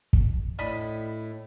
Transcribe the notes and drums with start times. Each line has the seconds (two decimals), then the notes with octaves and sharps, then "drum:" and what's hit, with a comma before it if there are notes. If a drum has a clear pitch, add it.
0.13 drum: kick
0.59 A2 D4 D#5 B5